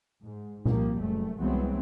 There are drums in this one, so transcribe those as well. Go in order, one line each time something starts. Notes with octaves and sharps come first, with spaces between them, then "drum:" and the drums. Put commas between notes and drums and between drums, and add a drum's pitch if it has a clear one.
G#2
C2 F3 G3 A#3, drum: tom A#2
F#1 F#2 A3
C2 E3 F#3 G#3 B3 C4